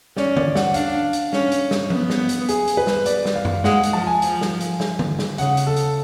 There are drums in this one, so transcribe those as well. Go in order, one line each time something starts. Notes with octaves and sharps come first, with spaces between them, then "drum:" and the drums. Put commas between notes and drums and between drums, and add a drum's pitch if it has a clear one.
C#4 D5, drum: snare
D5, drum: tom D3
F#5, drum: snare
D4 F5, drum: hi-hat
drum: hi-hat
C#4, drum: snare
drum: hi-hat
drum: snare
B3, drum: tom F3
drum: snare
drum: hi-hat
G#4, drum: hi-hat
drum: hi-hat
B4
drum: snare
D5, drum: hi-hat
drum: snare
F5
drum: tom F#2
G#3 F#5, drum: snare
drum: hi-hat
F3 A5
G#5
F3, drum: hi-hat
drum: snare
drum: hi-hat
drum: snare
drum: tom D3
drum: snare
C#3 F#5, drum: hi-hat
drum: hi-hat
A4
drum: hi-hat